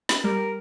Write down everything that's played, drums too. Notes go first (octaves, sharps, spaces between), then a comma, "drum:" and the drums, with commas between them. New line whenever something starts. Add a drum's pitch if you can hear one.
drum: snare
G3 A#4